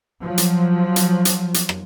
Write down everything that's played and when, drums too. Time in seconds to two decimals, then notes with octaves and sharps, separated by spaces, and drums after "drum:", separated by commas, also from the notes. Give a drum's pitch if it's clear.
0.23 F3 F#3
0.38 drum: hi-hat
0.96 drum: hi-hat
1.25 drum: hi-hat
1.54 drum: hi-hat
1.69 drum: rim click